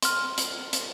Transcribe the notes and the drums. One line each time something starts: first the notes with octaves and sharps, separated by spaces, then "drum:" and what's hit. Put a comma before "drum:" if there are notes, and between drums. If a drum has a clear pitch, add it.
C6 F6, drum: hi-hat
drum: hi-hat
drum: hi-hat